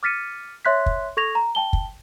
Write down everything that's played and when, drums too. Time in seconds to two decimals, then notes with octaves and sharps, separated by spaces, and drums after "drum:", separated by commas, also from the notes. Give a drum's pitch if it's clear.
0.03 D6 F6 A6 B6 C#7 D#7
0.65 C#5 E5 C6 F#6 G#6 B6
0.86 drum: kick
1.17 A4 C#6 G#6 A#6 F7
1.35 A#5
1.55 G5 A5 G7
1.73 drum: kick